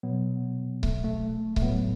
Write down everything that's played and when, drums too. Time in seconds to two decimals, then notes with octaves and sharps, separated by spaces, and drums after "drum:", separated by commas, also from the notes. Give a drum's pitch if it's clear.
0.03 B2 F#3 B3
0.83 A3, drum: kick C#1
1.04 A3
1.56 A3, drum: kick C#1
1.62 A2 F#3 B3